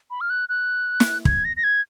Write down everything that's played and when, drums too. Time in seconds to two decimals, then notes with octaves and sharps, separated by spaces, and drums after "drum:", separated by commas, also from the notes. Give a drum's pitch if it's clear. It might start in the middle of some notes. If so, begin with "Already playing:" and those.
0.10 B5
0.21 F6
0.30 F#6
0.49 F#6
1.00 drum: snare
1.25 G#6, drum: kick
1.45 A#6
1.57 A#6
1.64 G#6